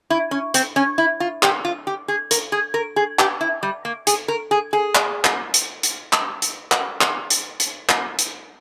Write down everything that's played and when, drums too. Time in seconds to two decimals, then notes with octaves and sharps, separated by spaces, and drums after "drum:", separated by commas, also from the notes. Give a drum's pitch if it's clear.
0.10 E4
0.31 C#4
0.54 C4, drum: hi-hat
0.76 C#4
0.98 E4
1.20 F4
1.43 G4, drum: clap
1.65 F4
1.87 G4
2.08 G#4
2.31 A#4, drum: hi-hat
2.52 G#4
2.74 A#4
2.96 G#4
3.19 G4, drum: clap
3.41 E4
3.63 G3
3.85 A#3
4.07 G#4, drum: hi-hat
4.28 A#4
4.51 G#4
4.73 G#4
4.95 drum: clap
5.25 drum: clap
5.54 drum: hi-hat
5.83 drum: hi-hat
6.13 drum: clap
6.42 drum: hi-hat
6.72 drum: clap
7.01 drum: clap
7.30 drum: hi-hat
7.60 drum: hi-hat
7.89 drum: clap
8.19 drum: hi-hat